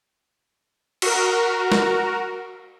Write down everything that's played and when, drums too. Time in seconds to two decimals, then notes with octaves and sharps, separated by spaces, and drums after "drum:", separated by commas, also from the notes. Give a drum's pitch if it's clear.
1.02 F#4 A#4, drum: cymbal
1.72 drum: snare